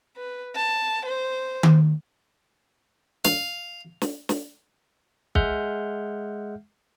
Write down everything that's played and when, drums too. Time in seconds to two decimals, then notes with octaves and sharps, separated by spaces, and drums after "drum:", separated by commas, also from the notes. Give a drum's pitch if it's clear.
0.17 B4
0.56 A5
1.06 C5
1.63 drum: tom D#3
3.25 F5, drum: snare
4.02 drum: snare
4.29 drum: snare
5.35 G#3 E5 F#5 F6 G6, drum: kick